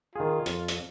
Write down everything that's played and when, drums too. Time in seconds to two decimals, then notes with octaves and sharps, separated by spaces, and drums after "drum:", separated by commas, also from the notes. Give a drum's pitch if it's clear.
0.16 D#3 F4 G#4
0.46 F2, drum: hi-hat
0.68 drum: hi-hat